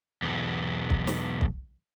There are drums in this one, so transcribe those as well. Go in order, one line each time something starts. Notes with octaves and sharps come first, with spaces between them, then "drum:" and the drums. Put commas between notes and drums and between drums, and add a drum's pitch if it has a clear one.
B1 E2
drum: kick
drum: snare
drum: kick